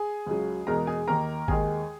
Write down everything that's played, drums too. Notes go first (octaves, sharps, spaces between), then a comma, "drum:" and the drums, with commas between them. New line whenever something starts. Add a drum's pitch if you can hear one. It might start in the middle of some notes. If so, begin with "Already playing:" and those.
Already playing: G#4 G#5
C#2 C#3 F#3
E2 B2 G#3 A#4 A#5
G#4 G#5
D#2 D#3 A#3 A#4 A#5
D#2 D#3 G#3 G#4 G#5, drum: kick G#1